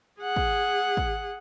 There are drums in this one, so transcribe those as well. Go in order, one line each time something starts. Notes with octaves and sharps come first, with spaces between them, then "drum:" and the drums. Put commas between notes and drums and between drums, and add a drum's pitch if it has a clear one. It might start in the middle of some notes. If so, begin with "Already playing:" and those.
G#4 F#5
drum: kick
drum: kick